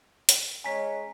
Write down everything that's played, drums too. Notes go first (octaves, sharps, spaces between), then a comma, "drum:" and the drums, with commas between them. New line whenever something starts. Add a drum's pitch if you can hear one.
drum: hi-hat
G#3 C#4 G#5 A#5 B6